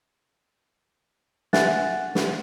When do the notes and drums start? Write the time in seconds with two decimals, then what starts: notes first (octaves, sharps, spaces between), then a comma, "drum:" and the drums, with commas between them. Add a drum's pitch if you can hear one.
1.53 E5 F#5 G#5 F#6 A6, drum: snare
2.15 drum: snare